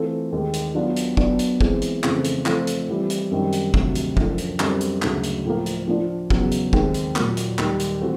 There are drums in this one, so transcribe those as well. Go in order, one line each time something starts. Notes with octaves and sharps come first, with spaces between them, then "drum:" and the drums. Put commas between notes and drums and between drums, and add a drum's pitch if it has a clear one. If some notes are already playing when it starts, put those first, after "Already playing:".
Already playing: E3 A3 C4 F4 A4
D#2 D#3 G#3
drum: hi-hat
F#3 B3 D4 F4
drum: hi-hat
F#3 B3 D4, drum: kick
drum: hi-hat
E3 G#3 C4, drum: kick
drum: hi-hat
F2 C#3 E3 A3 C4, drum: clap
drum: hi-hat
F3 A3 C4 F4, drum: clap
drum: hi-hat
E3 G3 C4 E4
drum: hi-hat
F#2 D#3 G3 C4
drum: hi-hat
D2 C3 D#3 F#3, drum: kick
drum: hi-hat
F#2 D3 F3, drum: kick
drum: hi-hat
F#2 D3 G3 C4, drum: clap
drum: hi-hat
D2 C#3 F#3 A#3 D#4, drum: clap
drum: hi-hat
A2 F3 A#3
drum: hi-hat
F3 A#3 D4 F4
E2 C#3 F#3, drum: kick
drum: hi-hat
D#2 D#3 G#3 C4 D#4, drum: kick
drum: hi-hat
A#2 F#3 A#3, drum: clap
drum: hi-hat
D#2 D#3 G3, drum: clap
drum: hi-hat
E3 A3 C4 F#4